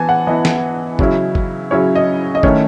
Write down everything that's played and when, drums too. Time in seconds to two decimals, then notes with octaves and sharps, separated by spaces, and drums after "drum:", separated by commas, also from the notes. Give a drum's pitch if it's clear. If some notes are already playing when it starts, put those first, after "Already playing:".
Already playing: E3 B3 G#5 A5
0.09 F#5
0.27 E3 B3 E4 D#5
0.45 drum: snare
0.99 C#3 F#3 C#4 E4, drum: kick
1.35 drum: kick
1.71 C#3 F#3 C#4 E4 C#5
1.95 D#5
2.35 D#5
2.43 D#3 A3 C#4 E4 C#5, drum: kick